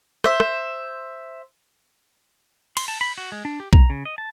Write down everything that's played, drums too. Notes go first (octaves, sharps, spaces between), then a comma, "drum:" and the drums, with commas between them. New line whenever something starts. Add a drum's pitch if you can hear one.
C5 E5, drum: rim click
drum: rim click
C6, drum: cymbal
A5
B5
F#4
G#3
D4
G4
A#5, drum: kick
C#3
D#5
A5